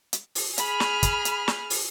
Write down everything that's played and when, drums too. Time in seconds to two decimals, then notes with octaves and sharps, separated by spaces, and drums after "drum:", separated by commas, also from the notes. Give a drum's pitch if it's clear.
0.13 drum: hi-hat
0.35 drum: open hi-hat
0.58 G#4 B5 F6, drum: hi-hat
0.80 drum: snare
1.03 drum: kick, hi-hat
1.25 drum: hi-hat
1.48 drum: snare
1.70 drum: open hi-hat